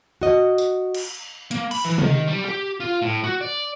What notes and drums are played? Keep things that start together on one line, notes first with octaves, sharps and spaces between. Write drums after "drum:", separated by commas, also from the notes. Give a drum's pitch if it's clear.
F#4 D#5
drum: tambourine
drum: cymbal
A#3, drum: hi-hat
B5, drum: cymbal
E3
D#3, drum: tom C3
G3
G4
F4
A2
F#4
D5